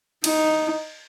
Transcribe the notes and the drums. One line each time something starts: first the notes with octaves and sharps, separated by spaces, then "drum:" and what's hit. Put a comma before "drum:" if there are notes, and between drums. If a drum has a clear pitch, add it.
D#4, drum: cymbal